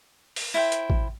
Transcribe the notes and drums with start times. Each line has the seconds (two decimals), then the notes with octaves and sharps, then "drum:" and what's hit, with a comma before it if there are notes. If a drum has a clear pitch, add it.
0.36 drum: open hi-hat
0.54 E4 C5 G5
0.72 drum: hi-hat
0.90 drum: kick A1